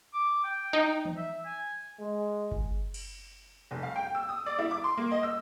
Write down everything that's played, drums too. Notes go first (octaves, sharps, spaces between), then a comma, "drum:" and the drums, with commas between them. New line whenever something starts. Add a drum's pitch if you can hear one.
D6
G5
D#4
drum: tom E3
E5
G#5
G#3
drum: kick G1
drum: cymbal
F1
F5
G5
E6
D#6
D5
E4
D6
C6
A#3
D#5
E6